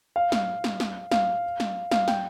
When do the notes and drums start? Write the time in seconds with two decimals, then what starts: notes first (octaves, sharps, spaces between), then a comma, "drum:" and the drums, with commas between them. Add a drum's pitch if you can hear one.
0.16 F5
0.32 F5, drum: snare
0.64 drum: snare
0.80 drum: snare
1.11 F5, drum: snare
1.60 drum: snare
1.91 F5, drum: snare
2.08 G5, drum: snare